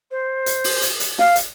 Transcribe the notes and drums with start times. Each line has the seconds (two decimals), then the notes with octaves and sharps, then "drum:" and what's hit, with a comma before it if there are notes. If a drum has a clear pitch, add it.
0.11 C5
0.46 drum: hi-hat
0.64 drum: open hi-hat
0.82 drum: hi-hat
1.00 drum: hi-hat
1.18 F5, drum: snare
1.36 drum: hi-hat